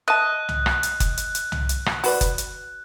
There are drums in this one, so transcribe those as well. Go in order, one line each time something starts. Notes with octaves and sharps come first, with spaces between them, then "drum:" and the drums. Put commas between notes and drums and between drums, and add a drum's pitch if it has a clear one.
D#5 E5 A5 F#6
drum: tom C2
drum: rim click
drum: hi-hat
drum: kick F#1, hi-hat
drum: hi-hat
drum: hi-hat
drum: tom C2
drum: hi-hat
drum: rim click
F#4 B4 D5, drum: open hi-hat
drum: kick F#1, hi-hat
drum: hi-hat